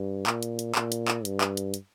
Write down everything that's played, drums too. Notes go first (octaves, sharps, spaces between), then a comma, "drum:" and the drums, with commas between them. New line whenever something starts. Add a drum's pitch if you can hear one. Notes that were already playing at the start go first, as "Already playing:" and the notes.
Already playing: G2
A#2, drum: clap
drum: hi-hat
drum: hi-hat
A#2, drum: clap
drum: hi-hat
drum: clap
G2, drum: hi-hat
drum: clap
drum: hi-hat
drum: hi-hat